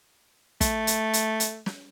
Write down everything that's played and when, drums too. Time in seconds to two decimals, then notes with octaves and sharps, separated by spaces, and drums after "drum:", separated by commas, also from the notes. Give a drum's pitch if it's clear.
0.61 A3, drum: kick, hi-hat
0.87 drum: hi-hat
1.13 drum: hi-hat
1.40 drum: hi-hat
1.66 drum: snare